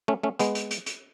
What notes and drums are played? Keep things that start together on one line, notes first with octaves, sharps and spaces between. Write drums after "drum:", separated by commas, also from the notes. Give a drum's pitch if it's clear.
A3 C#4
A3 C#4
G#3 B3, drum: hi-hat
drum: hi-hat
drum: hi-hat
drum: hi-hat